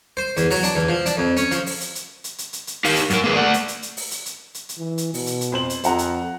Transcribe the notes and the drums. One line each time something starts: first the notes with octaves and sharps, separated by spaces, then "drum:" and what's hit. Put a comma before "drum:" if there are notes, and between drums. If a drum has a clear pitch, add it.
C5
E2, drum: hi-hat
F#3, drum: open hi-hat
D4, drum: hi-hat
E2
F3
D4, drum: hi-hat
F2
C#4, drum: hi-hat
F3, drum: hi-hat
drum: open hi-hat
drum: hi-hat
drum: hi-hat
drum: hi-hat
drum: hi-hat
drum: hi-hat
drum: hi-hat
D#4 G4 A#4 F5, drum: open hi-hat
drum: hi-hat
F#2 A#4, drum: hi-hat
A#3 G#4 B4
A3 D5 F#5
drum: hi-hat
drum: hi-hat
drum: hi-hat
drum: open hi-hat
drum: hi-hat
drum: hi-hat
drum: hi-hat
drum: hi-hat
E3
drum: hi-hat
B2, drum: open hi-hat
drum: hi-hat
drum: hi-hat
F2 C5 F#7
drum: hi-hat
F2 C5 F#5 A#5, drum: hi-hat
drum: hi-hat